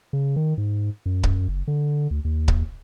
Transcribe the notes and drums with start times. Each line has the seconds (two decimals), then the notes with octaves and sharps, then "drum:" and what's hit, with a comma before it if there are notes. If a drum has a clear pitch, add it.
0.13 C#3
0.36 D#3
0.58 G#2
1.06 F#2
1.23 drum: kick C#1
1.48 F#1
1.68 D3
2.11 D2
2.25 D#2
2.48 drum: kick C#1